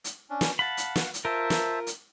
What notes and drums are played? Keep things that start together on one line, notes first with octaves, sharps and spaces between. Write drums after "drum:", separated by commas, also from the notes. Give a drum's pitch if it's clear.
drum: hi-hat
C#4 D4
drum: snare
F5 F#5 A5 B5
drum: hi-hat
drum: snare
drum: hi-hat
F4 A#4 C5 E5 A5
drum: snare
drum: hi-hat